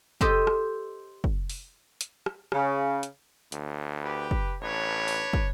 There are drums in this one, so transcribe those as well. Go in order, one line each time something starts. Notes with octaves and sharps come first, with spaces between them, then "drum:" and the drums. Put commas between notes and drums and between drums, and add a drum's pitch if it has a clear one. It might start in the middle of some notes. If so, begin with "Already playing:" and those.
G4 A4 C5 D#5, drum: kick
drum: rim click
drum: kick
drum: open hi-hat
drum: hi-hat
drum: rim click
C#3, drum: rim click
drum: hi-hat
D2, drum: hi-hat
G4 B4
drum: kick
A1 D4 B4 C#5
drum: open hi-hat
drum: kick